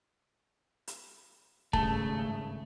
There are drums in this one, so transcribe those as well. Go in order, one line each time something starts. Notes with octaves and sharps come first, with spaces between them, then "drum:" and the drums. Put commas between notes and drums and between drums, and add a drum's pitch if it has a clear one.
drum: hi-hat
G#1 G2 C#3 A3 A5, drum: kick E1